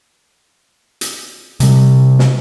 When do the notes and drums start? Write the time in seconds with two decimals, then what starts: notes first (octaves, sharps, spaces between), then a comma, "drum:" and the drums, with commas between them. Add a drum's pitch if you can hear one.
1.01 drum: hi-hat
1.60 C3 G3, drum: hi-hat
2.19 drum: snare